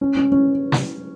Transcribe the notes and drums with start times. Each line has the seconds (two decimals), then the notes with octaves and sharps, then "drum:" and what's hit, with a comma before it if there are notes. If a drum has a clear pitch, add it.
0.01 C#4
0.17 C#4
0.32 C#4
0.72 drum: snare